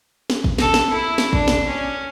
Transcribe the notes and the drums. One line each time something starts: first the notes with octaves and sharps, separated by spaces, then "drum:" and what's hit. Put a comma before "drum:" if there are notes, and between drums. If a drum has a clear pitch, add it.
drum: snare
drum: kick G#1
A4, drum: snare
drum: snare
E4
drum: snare
D4, drum: kick G#1
drum: snare
C#4